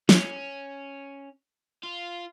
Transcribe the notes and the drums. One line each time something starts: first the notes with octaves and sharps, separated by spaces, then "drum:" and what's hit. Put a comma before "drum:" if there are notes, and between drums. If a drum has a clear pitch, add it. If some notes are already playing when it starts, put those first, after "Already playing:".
C#4, drum: snare
F4